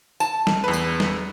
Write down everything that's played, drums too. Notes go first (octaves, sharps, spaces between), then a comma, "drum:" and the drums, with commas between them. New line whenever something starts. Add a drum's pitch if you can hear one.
A5, drum: tambourine
drum: snare
E2 B4
drum: tambourine
drum: snare